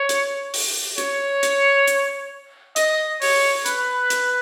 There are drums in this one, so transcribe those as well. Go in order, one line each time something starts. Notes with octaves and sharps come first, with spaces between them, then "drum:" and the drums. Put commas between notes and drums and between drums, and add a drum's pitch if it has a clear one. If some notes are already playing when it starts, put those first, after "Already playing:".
Already playing: C#5
drum: hi-hat
drum: open hi-hat
C#5, drum: hi-hat
drum: hi-hat
drum: hi-hat
D#5, drum: hi-hat
C#5, drum: open hi-hat
B4, drum: hi-hat
drum: hi-hat